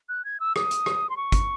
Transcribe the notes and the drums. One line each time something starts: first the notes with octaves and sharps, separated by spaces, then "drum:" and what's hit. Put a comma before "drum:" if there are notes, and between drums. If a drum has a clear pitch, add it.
F#6
G#6
E6
D#6, drum: rim click
drum: hi-hat
drum: rim click
C6
C#6
drum: kick G1, hi-hat